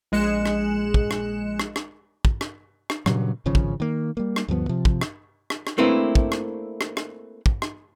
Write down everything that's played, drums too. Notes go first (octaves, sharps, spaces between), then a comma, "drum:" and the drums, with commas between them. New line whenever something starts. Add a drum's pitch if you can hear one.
A#1 G#3 F#6 C#7 E7
drum: rim click
drum: kick
drum: rim click
drum: rim click
drum: rim click
drum: kick
drum: rim click
drum: rim click
G2 A#2 C#3 F#3, drum: rim click
G#1 C#3 F3 C#4
drum: kick
D#3 A#3
G3 A#3
drum: rim click
D2 G2 F3 B3
C3 F3
drum: kick
drum: rim click
drum: rim click
drum: rim click
A3 A#3 C4 D4 E4 B4
drum: kick
drum: rim click
drum: rim click
drum: rim click
drum: kick
drum: rim click